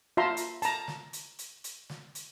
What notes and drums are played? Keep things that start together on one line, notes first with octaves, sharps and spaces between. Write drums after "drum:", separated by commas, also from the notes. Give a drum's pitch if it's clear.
F4 E5 A5 A#5 C6
drum: hi-hat
A5 A#5, drum: hi-hat
drum: snare
drum: hi-hat
drum: hi-hat
drum: hi-hat
drum: snare
drum: hi-hat